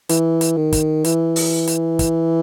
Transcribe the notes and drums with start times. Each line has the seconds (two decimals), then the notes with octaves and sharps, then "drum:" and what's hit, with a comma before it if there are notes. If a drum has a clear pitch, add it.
0.09 E3, drum: hi-hat
0.41 drum: hi-hat
0.57 D#3
0.73 drum: kick, hi-hat
1.04 E3, drum: hi-hat
1.36 drum: open hi-hat
1.67 drum: hi-hat
1.99 drum: kick, hi-hat